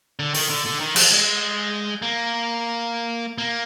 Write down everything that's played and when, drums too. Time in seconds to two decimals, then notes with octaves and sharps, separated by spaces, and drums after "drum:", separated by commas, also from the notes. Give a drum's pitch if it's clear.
0.19 D3
0.34 D#3, drum: open hi-hat
0.50 D3
0.66 D3
0.80 D#3
0.96 F3, drum: cymbal
1.11 G#3
2.02 A#3
3.38 A#3